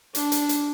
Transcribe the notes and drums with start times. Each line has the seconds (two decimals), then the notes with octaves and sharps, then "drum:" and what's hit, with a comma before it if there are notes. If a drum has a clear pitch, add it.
0.15 D4, drum: hi-hat
0.32 drum: hi-hat
0.49 drum: hi-hat